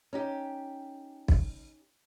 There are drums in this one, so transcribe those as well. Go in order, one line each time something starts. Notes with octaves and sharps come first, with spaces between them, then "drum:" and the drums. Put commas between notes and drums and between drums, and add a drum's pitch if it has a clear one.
C#4 D#4 G4
drum: kick